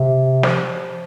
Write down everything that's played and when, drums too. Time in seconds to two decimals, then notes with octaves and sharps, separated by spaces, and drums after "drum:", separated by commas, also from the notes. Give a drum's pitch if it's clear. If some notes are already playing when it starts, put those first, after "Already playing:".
Already playing: C3
0.43 F3, drum: snare